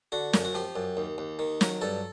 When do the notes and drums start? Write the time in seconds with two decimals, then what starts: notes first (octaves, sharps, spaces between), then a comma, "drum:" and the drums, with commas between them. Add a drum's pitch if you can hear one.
0.12 D3 F#4
0.33 F#2, drum: snare
0.45 F#4
0.54 F3 G4
0.76 F#2
0.97 D#2
1.18 D#2
1.39 D#3
1.61 F#3, drum: snare
1.81 G2 A4